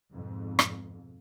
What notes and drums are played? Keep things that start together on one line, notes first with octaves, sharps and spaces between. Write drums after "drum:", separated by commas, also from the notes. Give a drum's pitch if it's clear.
F2 G#2 B2
drum: rim click